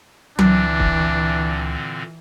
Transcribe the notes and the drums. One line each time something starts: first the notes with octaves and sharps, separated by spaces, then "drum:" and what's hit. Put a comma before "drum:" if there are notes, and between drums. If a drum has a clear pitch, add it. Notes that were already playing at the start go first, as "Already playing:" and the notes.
C#2 A#2 D3 E3 C4 D4, drum: tom F#3
drum: kick